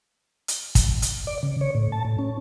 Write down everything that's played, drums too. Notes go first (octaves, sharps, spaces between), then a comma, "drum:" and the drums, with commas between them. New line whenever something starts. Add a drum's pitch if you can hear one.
drum: hi-hat
drum: kick, hi-hat
drum: hi-hat
D5
C#3
C#5
A2
A5
A2
C#4